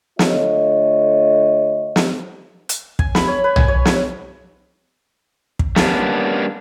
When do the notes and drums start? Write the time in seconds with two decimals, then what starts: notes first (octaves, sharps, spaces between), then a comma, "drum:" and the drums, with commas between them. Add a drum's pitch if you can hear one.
0.19 D3 A3 F4 C#5 D#5, drum: snare
1.96 drum: snare
2.69 drum: hi-hat
2.99 G#5, drum: kick
3.15 B5, drum: snare
3.28 C#5
3.44 B4
3.56 G#5, drum: tom B1
3.68 C#5
3.85 C#5, drum: snare
5.59 drum: kick
5.76 G3 A#3 B3 C#4 D4, drum: snare